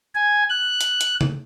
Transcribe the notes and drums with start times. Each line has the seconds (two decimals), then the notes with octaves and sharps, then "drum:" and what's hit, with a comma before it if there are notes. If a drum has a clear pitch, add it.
0.15 G#5
0.50 F#6
0.81 drum: hi-hat
1.01 drum: hi-hat
1.21 drum: tom C#3